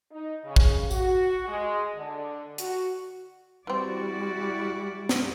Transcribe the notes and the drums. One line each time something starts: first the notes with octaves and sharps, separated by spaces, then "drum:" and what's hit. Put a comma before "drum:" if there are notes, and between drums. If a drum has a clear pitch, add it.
D#4
C#3
drum: kick
F#4, drum: tambourine
G#3
D3
F#4, drum: hi-hat
E3 G3 C4 E4 F#4 D5
drum: snare